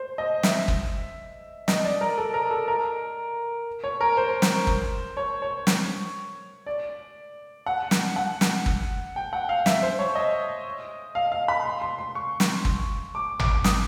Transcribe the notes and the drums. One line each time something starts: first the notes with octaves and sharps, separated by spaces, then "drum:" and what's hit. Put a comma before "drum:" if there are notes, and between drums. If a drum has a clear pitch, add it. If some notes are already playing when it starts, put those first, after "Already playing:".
Already playing: C5
D#5
E5, drum: snare
drum: kick
D#5, drum: snare
D5
A#4
A4
A#4
A4
A#4
C#5
A#4
C5
drum: snare
drum: kick
C#5
C#5
drum: snare
D5
F#5
drum: snare
F#5
drum: snare
drum: kick
G5
F#5
F5
E5, drum: snare
C5
C#5
D#5
F5
F5
B5
C6
C6
C6
C#6
drum: snare
drum: kick
D6
D6, drum: tom G#1
D#6, drum: snare